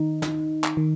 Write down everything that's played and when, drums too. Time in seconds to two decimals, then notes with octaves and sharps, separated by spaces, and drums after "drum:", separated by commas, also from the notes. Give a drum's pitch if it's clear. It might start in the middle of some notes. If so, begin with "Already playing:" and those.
Already playing: D#3 D#4
0.22 drum: snare
0.64 drum: clap
0.77 D#3